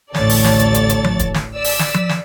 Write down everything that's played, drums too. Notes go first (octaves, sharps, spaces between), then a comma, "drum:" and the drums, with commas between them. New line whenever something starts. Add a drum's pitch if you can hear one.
A1 D2 A4 C#5 D5 A6, drum: snare
drum: open hi-hat
drum: snare
drum: hi-hat
drum: hi-hat
drum: hi-hat
drum: tom F3
drum: kick, hi-hat
drum: snare
D5 E6 B6
drum: open hi-hat
drum: snare
drum: tom F3
drum: snare